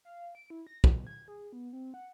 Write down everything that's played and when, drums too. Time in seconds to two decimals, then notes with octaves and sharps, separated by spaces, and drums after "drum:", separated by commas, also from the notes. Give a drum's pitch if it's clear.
0.05 F5
0.35 D7
0.50 E4
0.67 A#6
0.84 B2, drum: kick
1.07 G#6
1.28 G#4
1.53 B3
1.73 C4
1.94 F#5